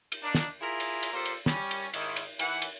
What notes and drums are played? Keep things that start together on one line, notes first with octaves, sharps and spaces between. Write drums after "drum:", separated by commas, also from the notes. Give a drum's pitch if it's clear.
drum: cymbal
A#3 D4 D#4
drum: snare
E4 F4 G#4 A#4 E5
drum: cymbal
drum: cymbal
A#3 F4 G4 A4 C5
drum: cymbal
G3 C#4, drum: snare
drum: cymbal
G#2 D#3 E4, drum: cymbal
drum: cymbal
E3 F#5, drum: cymbal
drum: cymbal